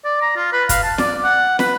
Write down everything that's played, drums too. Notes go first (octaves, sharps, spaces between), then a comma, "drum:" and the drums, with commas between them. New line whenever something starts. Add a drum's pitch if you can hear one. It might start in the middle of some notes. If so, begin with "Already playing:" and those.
D5
A#5
F4
B4
F5, drum: kick, hi-hat
A5
D5, drum: snare
F#5
B4, drum: snare